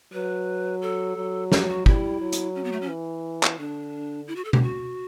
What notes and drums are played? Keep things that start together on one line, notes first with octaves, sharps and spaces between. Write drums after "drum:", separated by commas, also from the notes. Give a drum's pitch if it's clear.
F#3 B4
A4
F#3
G4, drum: snare
F#4
G3 E4, drum: kick
F#3
drum: hi-hat
C#4
B3
A3
C#4
E3
drum: clap
D3 D4
E4
F#4
A4
G4, drum: tom B2
F#4